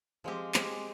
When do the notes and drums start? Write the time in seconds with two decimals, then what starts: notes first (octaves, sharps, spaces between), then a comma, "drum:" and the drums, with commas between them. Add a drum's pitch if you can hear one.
0.24 F3 G#3 C4 G4
0.54 G#3 C4 G4, drum: clap